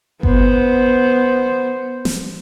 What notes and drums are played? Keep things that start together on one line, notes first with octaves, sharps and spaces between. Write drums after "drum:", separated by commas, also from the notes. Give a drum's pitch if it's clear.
B3 C5, drum: kick G1
drum: snare